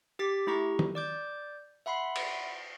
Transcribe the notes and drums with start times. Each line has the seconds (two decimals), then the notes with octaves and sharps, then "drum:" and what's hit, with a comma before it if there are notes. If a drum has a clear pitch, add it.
0.19 G4 D6 A6 B6
0.47 A3 E4 G4 A#5 C#6
0.79 drum: tom
0.95 D5 D6 G6
1.86 E5 F#5 B5 C6 C7
2.16 drum: cymbal